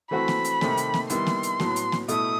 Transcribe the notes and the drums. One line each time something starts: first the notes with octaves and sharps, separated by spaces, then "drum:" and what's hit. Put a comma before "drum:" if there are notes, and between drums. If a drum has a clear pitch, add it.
E3 A3 C4 F#4 B5
drum: snare A#3
drum: hi-hat
C3 D#3 A3 C4, drum: snare A#3
drum: hi-hat
drum: snare A#3
D#3 G3 B3 E4 C6, drum: hi-hat
drum: snare A#3
drum: hi-hat
A2 F#3 B3, drum: snare A#3
drum: hi-hat
drum: snare A#3
B2 A3 E4 D#6, drum: hi-hat